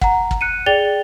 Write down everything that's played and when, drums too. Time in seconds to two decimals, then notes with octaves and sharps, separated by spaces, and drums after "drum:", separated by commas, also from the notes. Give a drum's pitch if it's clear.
0.01 F#5 A#5, drum: kick
0.31 drum: kick
0.41 F#6 C#7 D#7
0.66 G#4 D5 G5 A6 F7 G7